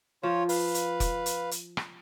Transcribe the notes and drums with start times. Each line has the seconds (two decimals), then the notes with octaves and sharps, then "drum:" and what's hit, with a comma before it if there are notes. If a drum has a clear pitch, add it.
0.23 F3 F4 C#5
0.49 B4 F5, drum: open hi-hat
0.75 drum: hi-hat
1.00 drum: kick, hi-hat
1.26 drum: hi-hat
1.51 drum: hi-hat
1.77 drum: rim click